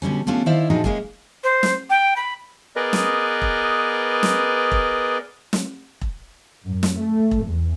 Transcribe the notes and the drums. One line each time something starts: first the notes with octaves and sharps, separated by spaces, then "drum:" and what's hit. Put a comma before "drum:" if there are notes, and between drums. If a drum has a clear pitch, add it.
B2 D3 G3 C#4
A3 C#4 D4 F4 G4
D#3 E4 C5 D5 E5 F5
A#2 F3 D4 D#4 F#4 G#4
G#3 A#3 C#4 G#4, drum: kick E1
C5
drum: snare
G5
B5
B3 G#4 A#4 B4 D5 D#5
drum: snare
drum: kick E1
drum: snare
drum: kick E1
drum: snare
drum: kick E1
F#2
drum: snare
A3
drum: kick E1
E2